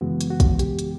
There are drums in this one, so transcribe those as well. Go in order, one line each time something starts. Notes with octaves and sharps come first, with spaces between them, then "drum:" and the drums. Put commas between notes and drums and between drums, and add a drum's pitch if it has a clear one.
F#2 C#3 E3 G#3 B3 F#4
drum: hi-hat
F#4
drum: kick, hi-hat
G4, drum: hi-hat
drum: hi-hat